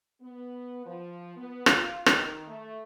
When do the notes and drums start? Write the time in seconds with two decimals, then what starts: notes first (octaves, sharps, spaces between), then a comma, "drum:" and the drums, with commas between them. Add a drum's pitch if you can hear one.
0.21 B3
0.85 F3
1.36 B3
1.66 F4, drum: rim click
2.06 D#3, drum: rim click
2.47 A3